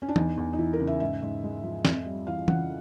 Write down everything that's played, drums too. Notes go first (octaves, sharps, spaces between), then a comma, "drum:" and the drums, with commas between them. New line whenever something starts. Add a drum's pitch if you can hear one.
C#4
D4
E2 D#4, drum: tom
E2
D#4
E3 E4
A#4
C#3
E5
G#2 E5
G#2
G#3
F3
F2, drum: snare
G3
E3 F5
C#3 F#5, drum: tom E3